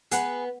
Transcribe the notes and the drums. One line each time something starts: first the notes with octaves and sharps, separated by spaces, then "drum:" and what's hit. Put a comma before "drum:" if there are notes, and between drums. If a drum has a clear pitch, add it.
B3 G#4 B4 F#5, drum: hi-hat